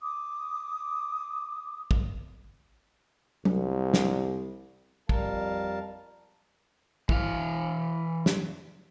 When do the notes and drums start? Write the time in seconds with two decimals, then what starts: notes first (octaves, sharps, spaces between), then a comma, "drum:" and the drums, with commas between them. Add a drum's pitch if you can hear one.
0.01 D6 D#6
1.91 drum: kick
3.45 C2, drum: tom
3.94 drum: snare
5.09 F2 G3 A#4 F5 A5, drum: kick
7.09 E3 F5, drum: kick
8.26 drum: snare